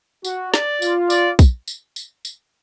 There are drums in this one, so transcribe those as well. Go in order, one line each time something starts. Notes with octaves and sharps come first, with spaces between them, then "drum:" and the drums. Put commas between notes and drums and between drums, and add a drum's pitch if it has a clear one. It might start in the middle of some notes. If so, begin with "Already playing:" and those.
F#4, drum: tambourine
D5, drum: snare
F4, drum: tambourine
D5, drum: tambourine
drum: kick, tambourine
drum: tambourine
drum: tambourine
drum: tambourine